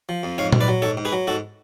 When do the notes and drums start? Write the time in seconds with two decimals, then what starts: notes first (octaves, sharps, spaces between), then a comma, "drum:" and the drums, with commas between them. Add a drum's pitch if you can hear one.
0.09 F3
0.23 F2
0.38 G#2 C#5 F5
0.53 G#2, drum: tom A#2
0.61 B4 D5
0.68 F#3
0.82 G#2 A4 C#5
0.97 G#2
1.05 G#4 B4
1.12 F#3
1.27 G#2 F#4 A4